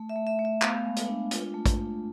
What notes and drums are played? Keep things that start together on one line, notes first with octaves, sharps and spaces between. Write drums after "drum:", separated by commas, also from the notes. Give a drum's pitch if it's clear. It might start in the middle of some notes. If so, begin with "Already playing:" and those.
Already playing: A3
E5
A3
E5
A3
E5
B3 F5, drum: clap
G#3
drum: hi-hat
D4
F4, drum: hi-hat
A3
drum: kick, hi-hat
A3